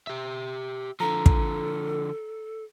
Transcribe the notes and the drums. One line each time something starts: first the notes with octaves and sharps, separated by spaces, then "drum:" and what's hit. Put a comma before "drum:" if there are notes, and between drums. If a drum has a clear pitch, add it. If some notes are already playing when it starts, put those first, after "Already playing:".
G4 E5
D3 F3 A4 A#5
drum: kick